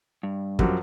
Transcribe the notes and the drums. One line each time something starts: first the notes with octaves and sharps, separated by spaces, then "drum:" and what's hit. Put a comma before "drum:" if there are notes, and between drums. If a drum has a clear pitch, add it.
G2
F#2 F3 F#3 G4, drum: kick